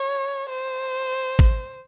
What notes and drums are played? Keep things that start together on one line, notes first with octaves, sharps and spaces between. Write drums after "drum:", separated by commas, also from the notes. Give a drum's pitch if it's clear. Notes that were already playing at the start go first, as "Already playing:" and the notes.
Already playing: C#5
C5
drum: kick